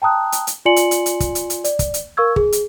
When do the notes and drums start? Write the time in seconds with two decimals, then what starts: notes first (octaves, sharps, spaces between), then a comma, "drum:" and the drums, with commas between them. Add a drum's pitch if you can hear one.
0.02 G5 A5 A#5 D#6 F#6
0.32 drum: hi-hat
0.47 drum: hi-hat
0.65 F4 D5 G#5 C6 C#7 F#7
0.76 drum: hi-hat
0.91 drum: hi-hat
1.06 drum: hi-hat
1.20 drum: kick, hi-hat
1.35 drum: hi-hat
1.50 drum: hi-hat
1.64 D5, drum: hi-hat
1.79 drum: kick, hi-hat
1.94 drum: hi-hat
2.17 A#4 F5 C#6 E6 G#6
2.36 G#4, drum: kick
2.52 drum: hi-hat